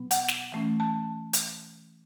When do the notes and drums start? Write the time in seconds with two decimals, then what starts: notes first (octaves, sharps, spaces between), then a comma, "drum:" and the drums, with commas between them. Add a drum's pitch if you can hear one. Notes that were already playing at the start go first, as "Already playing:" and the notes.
Already playing: B2 F#3 B3
0.11 F#5, drum: hi-hat
0.28 drum: snare
0.52 E3 A3 C#4
0.80 A5
1.33 drum: hi-hat